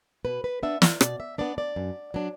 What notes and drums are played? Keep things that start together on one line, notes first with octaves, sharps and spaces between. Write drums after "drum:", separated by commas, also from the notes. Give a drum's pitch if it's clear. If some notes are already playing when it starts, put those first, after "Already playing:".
B2 B4
B4
B3 D4 E5
D5, drum: snare
B2 D5, drum: rim click
E5
B3 D4 D5
D5
F#2
F#3 D4